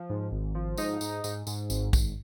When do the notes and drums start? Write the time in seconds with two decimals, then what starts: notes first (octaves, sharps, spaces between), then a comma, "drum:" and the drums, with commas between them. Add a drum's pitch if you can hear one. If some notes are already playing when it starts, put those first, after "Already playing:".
Already playing: F3
0.10 G#2
0.31 G#1
0.55 F3
0.78 G#2 D#4, drum: tambourine
1.01 G#2, drum: tambourine
1.24 G#2, drum: tambourine
1.47 G#2, drum: tambourine
1.70 G#1, drum: tambourine
1.93 G#1, drum: kick A#1, tambourine